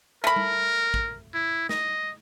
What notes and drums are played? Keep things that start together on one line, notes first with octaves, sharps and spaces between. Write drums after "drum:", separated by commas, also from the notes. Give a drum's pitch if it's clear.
A3 A#4 B5
drum: tom G3
drum: kick
E4
D#5, drum: snare